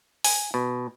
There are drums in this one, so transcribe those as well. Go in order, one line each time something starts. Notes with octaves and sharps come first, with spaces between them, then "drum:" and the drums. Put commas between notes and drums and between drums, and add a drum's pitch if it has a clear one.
G#5, drum: open hi-hat
B2